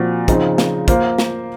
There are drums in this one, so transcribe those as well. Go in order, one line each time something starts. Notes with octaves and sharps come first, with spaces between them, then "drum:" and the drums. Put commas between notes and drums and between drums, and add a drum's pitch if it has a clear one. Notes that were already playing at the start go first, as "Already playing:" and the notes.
Already playing: A#2 F3 C4 F#4
C#3 F3 C4 D#4, drum: kick, hi-hat
drum: snare
A#3 F4 C5, drum: kick, hi-hat
drum: snare